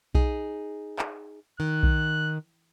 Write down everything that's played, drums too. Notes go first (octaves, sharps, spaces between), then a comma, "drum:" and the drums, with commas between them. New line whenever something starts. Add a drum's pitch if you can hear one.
D#4 G#4, drum: kick B1
drum: clap
D#3 F#6
drum: kick B1